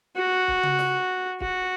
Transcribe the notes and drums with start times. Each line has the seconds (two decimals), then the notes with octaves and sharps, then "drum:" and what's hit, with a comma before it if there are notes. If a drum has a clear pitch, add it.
0.17 F#4
0.48 drum: kick
0.63 drum: tom C#3
0.79 drum: snare
1.40 F#4, drum: kick